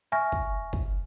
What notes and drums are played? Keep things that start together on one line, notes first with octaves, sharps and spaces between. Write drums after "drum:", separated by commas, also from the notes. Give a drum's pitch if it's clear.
E5 G#5 C#6 F6 A#6, drum: rim click
drum: kick
drum: kick